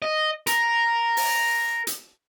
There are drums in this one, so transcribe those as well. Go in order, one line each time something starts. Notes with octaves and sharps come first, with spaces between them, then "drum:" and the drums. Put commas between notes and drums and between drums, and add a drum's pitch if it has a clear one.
D#5
A#4, drum: hi-hat
drum: open hi-hat
drum: hi-hat